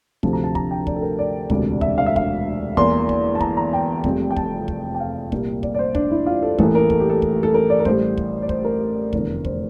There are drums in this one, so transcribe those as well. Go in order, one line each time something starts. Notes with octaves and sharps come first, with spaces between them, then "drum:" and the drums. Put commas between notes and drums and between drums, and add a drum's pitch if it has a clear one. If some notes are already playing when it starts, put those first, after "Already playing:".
D2 C3 F3 A3 A5, drum: kick
A#5
A5
A#5, drum: kick
G5
D5, drum: kick
A4
A#4
D5
E1 D2 C3, drum: kick
E5, drum: kick
F5
E5
F5, drum: kick
E2 E3 A#3 C6, drum: kick
drum: kick
A5
A#5, drum: kick
A#5
G5
F1 F2 C3 G3, drum: kick
G5
A5, drum: kick
drum: kick
G5
F5
C2 A#2 G3 A#3, drum: kick
D5, drum: kick
D5
C5
D4, drum: kick
E4
F4
A4
A1 A2 E3 A#3 A4, drum: kick
A#4
A4, drum: kick
G4
A4
drum: kick
A4
A#4
D5
A#4
A1 A2 G3 C5, drum: kick
drum: kick
D5
C5, drum: kick
A#4
F1 E2 D3, drum: kick
C5, drum: kick